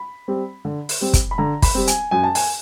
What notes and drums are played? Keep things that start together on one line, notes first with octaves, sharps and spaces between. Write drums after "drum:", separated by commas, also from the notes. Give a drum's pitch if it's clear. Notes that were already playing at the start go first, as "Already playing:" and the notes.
Already playing: B5
G3 C4
D3
drum: open hi-hat
G3 C4
drum: kick, hi-hat
B5
D3 A#5
B5, drum: kick, open hi-hat
G3 C4
G#5, drum: hi-hat
F#2 G#5
A5
G#5, drum: open hi-hat